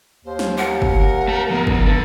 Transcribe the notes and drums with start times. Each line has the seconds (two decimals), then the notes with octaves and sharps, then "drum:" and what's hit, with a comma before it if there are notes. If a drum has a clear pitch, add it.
0.25 D#2 C5
0.39 drum: snare
0.58 A#4 F#5
0.82 drum: kick
1.28 A3 A5
1.50 F3 B3
1.67 drum: kick
1.85 G2 D3